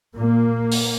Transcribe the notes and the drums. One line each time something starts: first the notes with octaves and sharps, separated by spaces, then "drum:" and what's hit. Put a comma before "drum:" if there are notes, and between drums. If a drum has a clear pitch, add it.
A#2 A#3
drum: open hi-hat